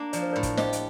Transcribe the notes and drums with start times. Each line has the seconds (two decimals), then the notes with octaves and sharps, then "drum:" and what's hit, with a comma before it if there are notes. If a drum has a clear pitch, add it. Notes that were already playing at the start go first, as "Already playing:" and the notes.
Already playing: A#3 D4
0.13 F3 D5, drum: hi-hat
0.23 C5
0.33 A2 A#4 D5
0.43 drum: kick, hi-hat
0.57 G4 C5 D#5, drum: snare
0.73 drum: hi-hat